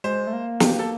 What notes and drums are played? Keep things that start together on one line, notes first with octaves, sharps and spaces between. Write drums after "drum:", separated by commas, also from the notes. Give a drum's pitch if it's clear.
G#3 C5
A3
A#3
G4, drum: snare
A4